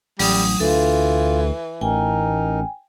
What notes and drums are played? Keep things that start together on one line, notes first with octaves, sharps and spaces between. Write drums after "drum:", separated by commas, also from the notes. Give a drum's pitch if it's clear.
A1 F#3 G3 D#6, drum: open hi-hat
D2 E3 F4 A4
A1 D#4 A#4 G5 G#5